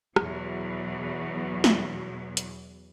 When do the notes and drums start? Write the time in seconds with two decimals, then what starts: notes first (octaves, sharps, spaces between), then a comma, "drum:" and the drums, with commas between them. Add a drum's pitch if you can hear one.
0.16 E2 B2 F#3, drum: rim click
1.64 drum: snare
2.37 drum: hi-hat